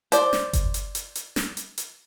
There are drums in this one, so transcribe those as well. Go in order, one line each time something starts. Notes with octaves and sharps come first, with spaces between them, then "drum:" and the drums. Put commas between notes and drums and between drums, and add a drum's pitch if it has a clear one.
C5 D5, drum: hi-hat
drum: snare
drum: kick F#1, hi-hat
drum: hi-hat
drum: hi-hat
drum: hi-hat
drum: snare
drum: hi-hat
drum: hi-hat